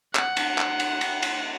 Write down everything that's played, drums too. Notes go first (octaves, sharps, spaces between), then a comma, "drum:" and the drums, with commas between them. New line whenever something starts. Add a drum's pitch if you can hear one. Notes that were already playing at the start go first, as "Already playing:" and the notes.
F#5, drum: clap
drum: cymbal
drum: clap
drum: cymbal
drum: cymbal
drum: cymbal